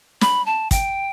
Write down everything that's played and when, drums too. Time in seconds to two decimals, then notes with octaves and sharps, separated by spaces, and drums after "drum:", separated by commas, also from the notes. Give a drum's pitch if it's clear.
0.21 B5, drum: snare
0.46 A5
0.71 G5, drum: kick, hi-hat